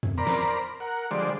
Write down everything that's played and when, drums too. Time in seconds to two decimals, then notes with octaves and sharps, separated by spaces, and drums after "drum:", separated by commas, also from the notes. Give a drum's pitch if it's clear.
0.03 drum: tom E2
0.18 A#4 C5 D5 A#5 B5
0.27 drum: snare
0.80 A#4 F#5
1.11 D3 F3 G3 G#3 C5 D5, drum: hi-hat